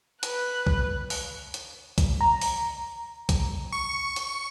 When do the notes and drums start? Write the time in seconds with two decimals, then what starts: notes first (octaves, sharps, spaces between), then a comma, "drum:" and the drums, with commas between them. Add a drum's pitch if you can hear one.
0.23 B4 F#6, drum: hi-hat
0.67 drum: kick B1
1.10 drum: open hi-hat
1.54 drum: hi-hat
1.98 drum: kick B1, hi-hat
2.21 A#5
2.41 drum: open hi-hat
3.29 drum: kick B1, hi-hat
3.72 C#6
4.16 drum: hi-hat